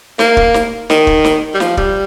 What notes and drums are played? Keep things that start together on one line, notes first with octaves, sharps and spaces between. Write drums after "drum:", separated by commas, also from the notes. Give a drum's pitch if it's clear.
A#3, drum: snare
drum: kick
drum: snare
D#3, drum: snare
drum: kick
drum: snare
G3
F3, drum: snare
G3, drum: kick